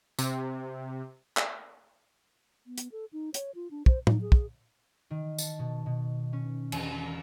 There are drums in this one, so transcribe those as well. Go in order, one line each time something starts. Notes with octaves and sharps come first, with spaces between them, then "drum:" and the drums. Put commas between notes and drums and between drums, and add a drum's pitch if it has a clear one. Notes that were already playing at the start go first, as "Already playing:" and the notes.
C3, drum: tambourine
drum: clap
B3
drum: hi-hat
A4
D#4
C#5, drum: hi-hat
F4
D4
C5, drum: kick
D#4, drum: tom
G#4
drum: kick
D#3
A5, drum: tambourine
B2
B2
C#4
E1, drum: cymbal
B5
A#4